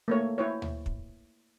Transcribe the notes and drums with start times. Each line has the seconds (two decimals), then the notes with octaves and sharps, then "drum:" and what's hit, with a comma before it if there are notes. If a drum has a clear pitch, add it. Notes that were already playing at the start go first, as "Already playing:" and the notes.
0.08 A3 A#3 C#5
0.38 E4 C5 C#5
0.62 drum: tom D2
0.86 drum: kick